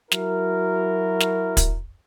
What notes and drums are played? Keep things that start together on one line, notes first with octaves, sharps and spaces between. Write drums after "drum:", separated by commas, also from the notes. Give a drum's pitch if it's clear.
F#3 E4 F#4 A#4, drum: snare
drum: snare
drum: kick, hi-hat